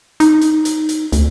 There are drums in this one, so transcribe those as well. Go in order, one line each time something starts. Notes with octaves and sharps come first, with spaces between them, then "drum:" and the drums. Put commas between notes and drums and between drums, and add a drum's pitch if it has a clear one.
D#4, drum: hi-hat
drum: hi-hat
drum: hi-hat
drum: hi-hat
D2, drum: hi-hat